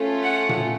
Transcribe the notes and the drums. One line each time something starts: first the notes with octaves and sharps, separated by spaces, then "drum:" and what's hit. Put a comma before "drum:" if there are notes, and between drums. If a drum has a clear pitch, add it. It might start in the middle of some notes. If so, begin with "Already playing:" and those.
Already playing: A3 C#4 F4 A4
F#5
drum: tom A#2